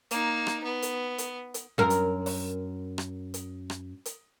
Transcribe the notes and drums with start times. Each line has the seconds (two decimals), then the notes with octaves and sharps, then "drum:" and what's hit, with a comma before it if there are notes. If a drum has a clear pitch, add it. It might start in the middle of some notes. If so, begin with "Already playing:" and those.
0.11 A#3 D#4, drum: hi-hat
0.47 drum: rim click
0.64 B3
0.82 drum: hi-hat
1.18 drum: hi-hat
1.54 drum: hi-hat
1.78 F#2 A#4
1.90 drum: hi-hat
2.26 drum: open hi-hat
2.98 drum: rim click
3.34 drum: hi-hat
3.70 drum: rim click
4.06 drum: hi-hat